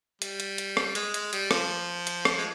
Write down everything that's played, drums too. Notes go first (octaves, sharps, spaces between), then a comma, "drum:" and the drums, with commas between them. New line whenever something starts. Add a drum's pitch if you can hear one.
G3, drum: hi-hat
drum: hi-hat
drum: hi-hat
drum: rim click
G#3, drum: hi-hat
G#3, drum: hi-hat
G3, drum: hi-hat
F3, drum: rim click
drum: hi-hat
drum: rim click
G#3